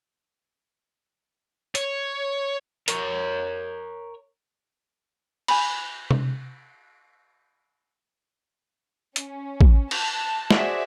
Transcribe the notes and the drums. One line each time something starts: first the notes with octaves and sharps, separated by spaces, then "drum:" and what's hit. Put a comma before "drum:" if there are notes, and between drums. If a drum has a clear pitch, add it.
C#5, drum: hi-hat
A#4 C#5, drum: hi-hat
G#5 B5, drum: cymbal
drum: tom C3
C#4, drum: hi-hat
drum: kick A1
A5, drum: cymbal
F#4 G#4 C5 D5 E5, drum: snare